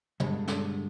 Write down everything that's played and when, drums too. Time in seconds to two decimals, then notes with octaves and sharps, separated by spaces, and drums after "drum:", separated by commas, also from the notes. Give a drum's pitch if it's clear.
0.20 G2 B2 D3 G#3, drum: tom
0.48 drum: snare